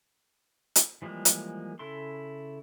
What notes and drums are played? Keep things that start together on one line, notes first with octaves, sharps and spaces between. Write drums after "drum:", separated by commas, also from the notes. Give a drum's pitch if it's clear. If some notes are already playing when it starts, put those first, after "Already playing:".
drum: hi-hat
E3 F3 G3 G#3 A#3
drum: hi-hat
C#3 E4 A4 C6